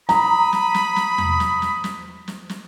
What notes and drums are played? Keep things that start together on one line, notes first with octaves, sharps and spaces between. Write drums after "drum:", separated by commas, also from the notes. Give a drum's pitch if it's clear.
A#5 B5 D#6, drum: snare
drum: snare
drum: snare
drum: snare
drum: tom E2
drum: snare
drum: snare
drum: snare
drum: snare
drum: snare